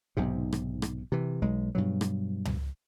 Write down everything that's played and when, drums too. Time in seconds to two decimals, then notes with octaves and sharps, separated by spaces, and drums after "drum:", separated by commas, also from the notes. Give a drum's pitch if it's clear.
0.17 B1 G#2 C3
0.53 drum: rim click
0.82 drum: rim click
1.12 C3 E3
1.42 B1 G#3
1.75 G2 B2 F#3
2.01 drum: rim click
2.45 drum: tom C#2